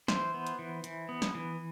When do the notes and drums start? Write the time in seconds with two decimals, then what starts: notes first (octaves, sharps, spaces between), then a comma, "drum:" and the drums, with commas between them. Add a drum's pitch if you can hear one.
0.08 E3 C5, drum: snare
0.34 B3
0.47 drum: hi-hat
0.59 E3
0.84 E3, drum: hi-hat
1.09 B3
1.22 drum: snare
1.35 E3